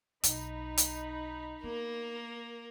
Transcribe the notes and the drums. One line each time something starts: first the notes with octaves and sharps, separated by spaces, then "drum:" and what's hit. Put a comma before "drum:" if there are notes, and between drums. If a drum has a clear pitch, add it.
B1 D#4 B5, drum: hi-hat
drum: hi-hat
A#3 B3 A#4